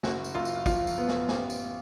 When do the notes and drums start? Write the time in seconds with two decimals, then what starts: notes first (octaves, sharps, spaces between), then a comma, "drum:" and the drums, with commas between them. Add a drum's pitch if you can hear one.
0.03 F#1 F#4, drum: snare
0.24 drum: tambourine
0.35 F#2 F4
0.45 drum: tambourine
0.66 F3 F4, drum: kick, tambourine
0.87 drum: tambourine
0.98 B3
1.08 drum: snare
1.28 A1, drum: snare
1.50 drum: tambourine